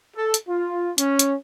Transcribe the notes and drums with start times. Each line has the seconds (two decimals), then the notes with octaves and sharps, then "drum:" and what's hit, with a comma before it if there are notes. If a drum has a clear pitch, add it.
0.17 A4
0.34 drum: hi-hat
0.49 F4
0.98 C#4, drum: hi-hat
1.19 drum: hi-hat